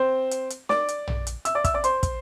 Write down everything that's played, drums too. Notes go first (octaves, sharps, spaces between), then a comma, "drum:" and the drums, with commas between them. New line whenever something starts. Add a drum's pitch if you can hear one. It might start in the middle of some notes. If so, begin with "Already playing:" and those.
Already playing: C4 C5
drum: hi-hat
drum: hi-hat
D5 D6, drum: snare
drum: hi-hat
drum: tom
drum: hi-hat
E5 E6, drum: hi-hat
D5 D6
E5 E6, drum: kick, hi-hat
D5 D6
C5 C6, drum: hi-hat
drum: kick, hi-hat